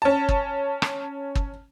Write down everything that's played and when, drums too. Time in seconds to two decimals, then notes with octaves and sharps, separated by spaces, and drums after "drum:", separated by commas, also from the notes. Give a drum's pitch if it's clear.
0.02 C#4 A5
0.29 drum: kick
0.82 drum: rim click
1.35 drum: kick